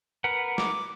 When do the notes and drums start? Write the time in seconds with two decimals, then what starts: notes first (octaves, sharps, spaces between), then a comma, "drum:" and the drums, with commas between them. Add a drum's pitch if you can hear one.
0.24 A#4 B4 F#5
0.58 D6, drum: snare